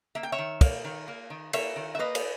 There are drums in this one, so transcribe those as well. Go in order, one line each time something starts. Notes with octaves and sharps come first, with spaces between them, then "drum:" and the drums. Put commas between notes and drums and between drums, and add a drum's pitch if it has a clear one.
A#3 E5
G5
C#5 E5
D#3
A#3, drum: kick, cymbal
D#3
A#3
D#3
A#3 C#5 E5, drum: cymbal
D#3
E5
A#3 B4 D#5
drum: cymbal